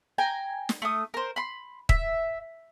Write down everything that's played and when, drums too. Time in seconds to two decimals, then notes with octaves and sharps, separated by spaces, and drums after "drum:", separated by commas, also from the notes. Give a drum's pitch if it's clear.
0.18 G5 G#5 A#5
0.69 drum: snare
0.82 A3 D#6
1.14 A#4 C5
1.36 B5 C6
1.89 E5, drum: kick